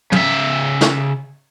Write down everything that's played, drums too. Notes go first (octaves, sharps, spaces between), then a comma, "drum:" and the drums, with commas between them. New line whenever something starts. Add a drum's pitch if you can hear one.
C#3 E5, drum: tom
drum: snare